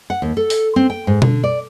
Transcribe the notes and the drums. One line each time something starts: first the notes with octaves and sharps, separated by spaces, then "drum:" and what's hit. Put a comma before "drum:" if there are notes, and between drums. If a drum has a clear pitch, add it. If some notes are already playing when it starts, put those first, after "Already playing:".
F#5
D#2
A4
drum: open hi-hat
C4
G5
G#2
D3, drum: tom B2
D5